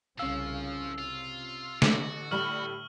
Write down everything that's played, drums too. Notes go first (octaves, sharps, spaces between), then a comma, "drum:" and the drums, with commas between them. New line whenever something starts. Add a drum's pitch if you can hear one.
C2 C#3 F3 C#4 F5 E6
C3 F4
A1 D3 F#4 D6, drum: snare
A2 G3 B5 C#6 F6 F#7